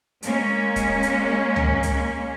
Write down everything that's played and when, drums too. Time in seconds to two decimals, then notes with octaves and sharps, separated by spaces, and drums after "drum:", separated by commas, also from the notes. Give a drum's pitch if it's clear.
0.22 G#3 A#3 C#4, drum: hi-hat
0.76 drum: kick D#1, hi-hat
1.03 drum: hi-hat
1.56 drum: tom C#2
1.83 drum: hi-hat